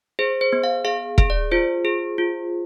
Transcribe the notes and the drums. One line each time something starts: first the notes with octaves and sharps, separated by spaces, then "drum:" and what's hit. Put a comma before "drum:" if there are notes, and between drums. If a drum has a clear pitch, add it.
G#4 C5
C5
B3
F5
G#4 F5
G#4, drum: kick E1
D5
F4 C5
G#4
F4